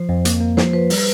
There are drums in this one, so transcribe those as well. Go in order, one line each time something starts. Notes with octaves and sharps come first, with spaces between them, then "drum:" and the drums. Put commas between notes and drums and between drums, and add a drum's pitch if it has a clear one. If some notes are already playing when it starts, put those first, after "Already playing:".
Already playing: F3 C5
F2
A#3, drum: hi-hat
A#3
F3 C5, drum: snare
F3 B4
G3 B4, drum: open hi-hat